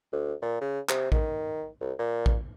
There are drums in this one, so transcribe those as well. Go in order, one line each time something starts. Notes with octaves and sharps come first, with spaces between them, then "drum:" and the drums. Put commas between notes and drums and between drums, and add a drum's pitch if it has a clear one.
D2
A#2
C#3
C3, drum: clap
D#3, drum: kick A1
C2
A#2
drum: kick A1